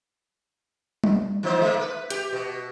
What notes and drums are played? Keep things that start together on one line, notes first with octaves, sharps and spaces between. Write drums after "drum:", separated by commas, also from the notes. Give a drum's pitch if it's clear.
drum: tom G3
E3 D#4 C5
G#3 A#3
B4
G4, drum: hi-hat
B2